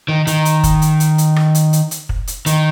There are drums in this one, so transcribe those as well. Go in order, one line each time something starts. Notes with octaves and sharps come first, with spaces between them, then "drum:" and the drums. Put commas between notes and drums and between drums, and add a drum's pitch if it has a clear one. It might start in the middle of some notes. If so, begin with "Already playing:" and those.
D#3
D#3, drum: hi-hat
drum: hi-hat
drum: kick, hi-hat
drum: hi-hat
drum: hi-hat
drum: hi-hat
drum: rim click
drum: hi-hat
drum: hi-hat
drum: hi-hat
drum: kick
drum: hi-hat
D#3, drum: hi-hat